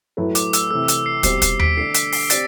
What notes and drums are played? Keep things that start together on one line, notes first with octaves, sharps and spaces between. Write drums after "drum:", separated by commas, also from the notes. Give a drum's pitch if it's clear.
A2 F#3 A3 E4 B4
D6, drum: hi-hat
E6, drum: hi-hat
C3 E3 A3 E6
E6, drum: hi-hat
C7
B2 G3 C4 G4 C5 C7, drum: kick, hi-hat
C7, drum: kick, hi-hat
B6 D7, drum: tom D#2
D3 A3 D4 C7
B6, drum: hi-hat
C7, drum: open hi-hat
C4 G4 D5 A6, drum: hi-hat